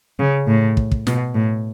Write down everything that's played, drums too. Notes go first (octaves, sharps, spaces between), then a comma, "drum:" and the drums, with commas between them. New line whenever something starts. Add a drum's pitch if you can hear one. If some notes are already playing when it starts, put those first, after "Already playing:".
C#3
A2
drum: kick
drum: kick
B2, drum: snare
A2